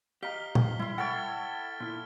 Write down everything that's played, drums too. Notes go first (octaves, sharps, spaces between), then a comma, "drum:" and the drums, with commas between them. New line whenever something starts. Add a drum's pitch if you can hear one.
G4 D#5 F5 A#5 F6 B6 G7
drum: tom
G3 E4 C6
A4 C#5 F#5 G5 F6 A6 D7
A#2 E4 F6